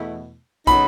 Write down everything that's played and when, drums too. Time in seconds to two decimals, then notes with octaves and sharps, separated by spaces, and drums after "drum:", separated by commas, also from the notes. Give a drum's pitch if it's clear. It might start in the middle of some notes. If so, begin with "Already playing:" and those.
Already playing: E2 B2 A3 E4
0.67 C#3 F#3 B3 D#4 B5, drum: kick, hi-hat